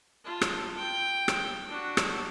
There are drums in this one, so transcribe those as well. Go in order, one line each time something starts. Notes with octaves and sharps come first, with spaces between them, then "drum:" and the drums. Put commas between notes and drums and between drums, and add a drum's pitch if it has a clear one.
F4 A5
drum: rim click
G5
drum: rim click
D4 F#4
drum: rim click